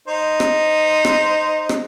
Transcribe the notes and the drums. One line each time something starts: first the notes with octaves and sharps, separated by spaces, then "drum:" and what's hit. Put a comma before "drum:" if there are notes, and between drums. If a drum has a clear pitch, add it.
D#4 C5
drum: rim click
drum: rim click
drum: rim click